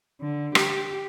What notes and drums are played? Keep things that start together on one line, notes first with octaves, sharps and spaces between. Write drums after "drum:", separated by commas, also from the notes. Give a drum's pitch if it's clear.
D3
G4, drum: rim click